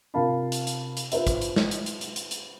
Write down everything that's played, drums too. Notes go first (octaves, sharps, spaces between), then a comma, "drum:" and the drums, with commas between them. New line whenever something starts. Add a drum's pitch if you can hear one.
C3 F4 A#4 F5 A5 B5
drum: hi-hat
drum: hi-hat
drum: hi-hat
F4 B4 C5 E5, drum: hi-hat
drum: kick, hi-hat
drum: hi-hat
drum: snare
drum: hi-hat
drum: hi-hat
drum: hi-hat
drum: hi-hat
drum: hi-hat